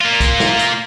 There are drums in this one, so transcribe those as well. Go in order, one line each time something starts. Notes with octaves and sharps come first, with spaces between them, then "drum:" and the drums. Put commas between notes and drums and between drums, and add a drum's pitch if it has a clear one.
A#3 F4
drum: kick, hi-hat
drum: snare
drum: hi-hat